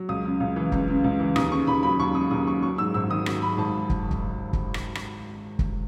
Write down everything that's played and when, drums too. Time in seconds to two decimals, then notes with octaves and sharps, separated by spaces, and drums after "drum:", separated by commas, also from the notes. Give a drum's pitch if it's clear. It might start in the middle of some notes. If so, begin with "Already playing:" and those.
Already playing: F#3
0.09 C#2 D#6
0.25 C#3
0.40 C#2
0.56 E3
0.72 C#2, drum: kick
0.88 C#3
1.04 C#2
1.20 E3
1.36 D#2 D#6, drum: rim click
1.52 C#3 C#6
1.67 D#2 B5
1.83 F#3 B5
1.99 D#2 C#6
2.15 C#3 D#6
2.31 D#2 D#6
2.46 F#3 C#6
2.62 F#3 C#6
2.78 G#2 E6
2.94 G#1 E6
3.10 D#3 D#6
3.26 F#3, drum: rim click
3.42 G#2 B5
3.57 G#1 A5
3.90 drum: kick
4.11 drum: kick
4.53 drum: kick
4.74 drum: rim click
4.95 drum: rim click
5.59 drum: kick